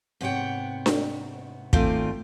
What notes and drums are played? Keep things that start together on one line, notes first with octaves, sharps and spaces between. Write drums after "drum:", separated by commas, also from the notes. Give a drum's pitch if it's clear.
G#2 C3 B3 C#5 F#5 G5
drum: snare D4
G#2 D#3 A3 C4 F4 D5, drum: kick